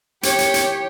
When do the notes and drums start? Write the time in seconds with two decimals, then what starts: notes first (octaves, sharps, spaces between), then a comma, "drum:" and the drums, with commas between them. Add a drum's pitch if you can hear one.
0.23 G4 C#5, drum: hi-hat
0.39 drum: hi-hat
0.54 drum: hi-hat